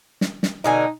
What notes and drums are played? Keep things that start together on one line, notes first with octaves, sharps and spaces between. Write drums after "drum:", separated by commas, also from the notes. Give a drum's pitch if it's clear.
drum: snare
drum: snare
B2 D3 D#4 G#5